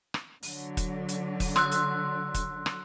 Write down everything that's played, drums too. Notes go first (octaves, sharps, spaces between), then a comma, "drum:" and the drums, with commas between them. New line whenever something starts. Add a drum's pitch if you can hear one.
drum: rim click
D3 F#3, drum: open hi-hat
drum: kick, hi-hat
drum: hi-hat
drum: kick, open hi-hat
C6 E6 F#6, drum: rim click
drum: hi-hat
drum: kick, hi-hat
drum: rim click